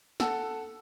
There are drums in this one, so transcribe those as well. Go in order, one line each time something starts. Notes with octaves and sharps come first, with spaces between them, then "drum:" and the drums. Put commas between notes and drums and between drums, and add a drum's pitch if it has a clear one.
A4 F#5 E6, drum: snare